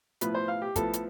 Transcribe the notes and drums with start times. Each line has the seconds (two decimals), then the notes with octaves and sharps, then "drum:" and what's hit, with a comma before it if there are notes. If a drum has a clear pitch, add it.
0.21 A2 F3 B3 B4, drum: hi-hat
0.34 C5
0.48 F5
0.62 G4
0.76 A2 F3 B3 A4, drum: kick, hi-hat
0.93 drum: hi-hat